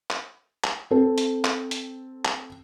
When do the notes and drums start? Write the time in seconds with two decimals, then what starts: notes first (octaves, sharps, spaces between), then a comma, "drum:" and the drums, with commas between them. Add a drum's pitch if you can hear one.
0.10 drum: clap
0.64 drum: clap
0.91 C4 A4
1.18 drum: hi-hat
1.44 drum: clap
1.71 drum: hi-hat
2.25 drum: clap